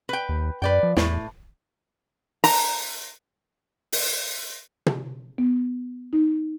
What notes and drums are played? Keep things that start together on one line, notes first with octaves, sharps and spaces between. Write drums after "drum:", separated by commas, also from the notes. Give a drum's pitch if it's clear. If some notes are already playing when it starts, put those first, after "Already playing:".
B4 G5
D#2
F#2 B4 D5 G5
F3
E2 A2, drum: snare
A#5, drum: open hi-hat
drum: open hi-hat
drum: tom
B3
D#4